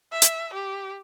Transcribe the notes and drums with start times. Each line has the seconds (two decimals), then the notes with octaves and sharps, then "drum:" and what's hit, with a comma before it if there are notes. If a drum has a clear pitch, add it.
0.12 E5
0.22 drum: hi-hat
0.54 G4